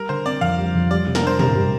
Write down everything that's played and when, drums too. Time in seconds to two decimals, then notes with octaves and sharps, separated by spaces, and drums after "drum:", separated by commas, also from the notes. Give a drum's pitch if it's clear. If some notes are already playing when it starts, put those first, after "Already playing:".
Already playing: G3 A#4
0.09 D3 C5
0.25 C4 D5
0.41 F2 F5
0.59 G3
0.75 F2
0.91 G3 D5
1.06 C3
1.15 A#4, drum: snare
1.23 D4 C5
1.39 C3 A#4, drum: tom
1.55 G3